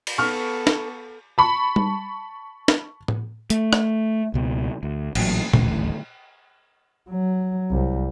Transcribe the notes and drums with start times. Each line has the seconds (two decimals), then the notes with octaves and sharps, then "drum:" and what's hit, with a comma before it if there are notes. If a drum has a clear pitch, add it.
0.07 drum: cymbal
0.18 B3 A4 C#6 F6
0.67 drum: snare
1.38 A5 B5 C#6
1.76 drum: tom G3
2.68 drum: snare
3.08 drum: tom A2
3.50 A3, drum: hi-hat
3.73 drum: rim click
4.34 C#2 B2
4.83 D2
5.15 A1 A#2 F#3, drum: cymbal
5.53 D#1 A1 D2, drum: tom A#2
7.09 F#3
7.71 C2